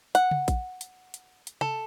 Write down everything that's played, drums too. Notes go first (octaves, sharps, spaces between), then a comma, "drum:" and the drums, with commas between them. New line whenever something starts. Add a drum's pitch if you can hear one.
F#5, drum: hi-hat
drum: tom C#3
drum: kick A#1, hi-hat
drum: hi-hat
drum: hi-hat
drum: hi-hat
A4, drum: tom C3